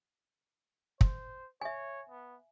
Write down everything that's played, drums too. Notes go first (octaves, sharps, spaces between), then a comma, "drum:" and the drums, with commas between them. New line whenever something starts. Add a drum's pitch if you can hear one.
C5, drum: kick
C#5 E5 G#5
B3